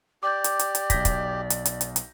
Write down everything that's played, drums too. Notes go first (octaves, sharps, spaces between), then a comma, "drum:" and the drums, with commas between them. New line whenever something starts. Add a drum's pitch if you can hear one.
G4 D5 D6 G6
drum: hi-hat
drum: hi-hat
drum: hi-hat
B1 G6 A#6 B6, drum: kick, hi-hat
drum: kick, hi-hat
drum: hi-hat
drum: hi-hat
drum: hi-hat
drum: hi-hat